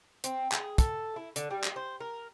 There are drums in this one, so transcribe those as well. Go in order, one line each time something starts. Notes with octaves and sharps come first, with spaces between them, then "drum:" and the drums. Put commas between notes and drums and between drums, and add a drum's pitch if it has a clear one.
C4, drum: hi-hat
G#4, drum: clap
A4, drum: kick, hi-hat
E4
D3, drum: hi-hat
G3
drum: clap
C5
A#4